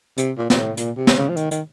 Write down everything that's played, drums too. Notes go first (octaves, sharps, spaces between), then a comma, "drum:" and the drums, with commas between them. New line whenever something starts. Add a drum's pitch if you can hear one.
C3, drum: hi-hat
A#2
A#2, drum: snare
A2
A#2, drum: hi-hat
C3
drum: snare
C#3
F3
D#3, drum: hi-hat
D#3, drum: hi-hat